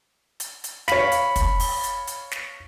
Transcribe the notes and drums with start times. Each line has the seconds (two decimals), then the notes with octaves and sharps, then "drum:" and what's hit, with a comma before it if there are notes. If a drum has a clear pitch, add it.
0.40 drum: hi-hat
0.64 drum: hi-hat
0.88 C#5 F5 B5, drum: snare
1.12 drum: hi-hat
1.36 drum: kick, hi-hat
1.60 drum: open hi-hat
1.84 drum: hi-hat
2.08 drum: hi-hat
2.31 drum: snare